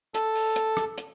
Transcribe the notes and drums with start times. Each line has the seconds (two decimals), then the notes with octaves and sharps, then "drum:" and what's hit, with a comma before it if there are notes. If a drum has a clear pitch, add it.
0.14 A4, drum: hi-hat
0.35 drum: open hi-hat
0.56 drum: hi-hat
0.77 drum: rim click
0.98 drum: hi-hat